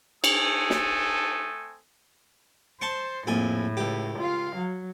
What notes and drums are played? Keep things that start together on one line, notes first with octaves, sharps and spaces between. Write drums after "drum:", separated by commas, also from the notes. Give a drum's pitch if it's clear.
A3 C4 A4 G#5 D#6, drum: cymbal
drum: snare
C5 A5 C6 C#6
A#1 F2 A2 G#5
C#2 G4
F4 F5
F#3